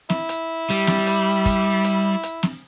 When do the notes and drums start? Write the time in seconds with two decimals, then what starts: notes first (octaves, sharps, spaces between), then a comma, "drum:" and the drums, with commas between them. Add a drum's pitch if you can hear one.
0.10 E4, drum: snare
0.29 drum: hi-hat
0.70 G3, drum: hi-hat
0.87 drum: snare
1.07 drum: hi-hat
1.46 drum: kick, hi-hat
1.84 drum: hi-hat
2.23 drum: hi-hat
2.43 drum: snare